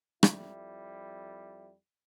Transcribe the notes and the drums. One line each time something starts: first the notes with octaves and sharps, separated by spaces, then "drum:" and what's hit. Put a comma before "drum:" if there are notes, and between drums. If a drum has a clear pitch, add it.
F2 G3 E4, drum: rim click